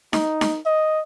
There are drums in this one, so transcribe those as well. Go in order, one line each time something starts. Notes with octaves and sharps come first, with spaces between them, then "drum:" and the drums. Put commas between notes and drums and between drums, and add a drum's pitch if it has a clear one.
D#4, drum: snare D#4
drum: snare D#4
D#5